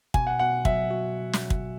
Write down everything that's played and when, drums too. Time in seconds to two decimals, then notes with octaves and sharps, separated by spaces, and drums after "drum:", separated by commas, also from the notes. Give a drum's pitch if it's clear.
0.14 B2 G#5, drum: kick
0.27 F#5
0.39 B2 F#5
0.65 F#3 E5, drum: kick
0.91 F#4
1.33 drum: snare
1.50 drum: kick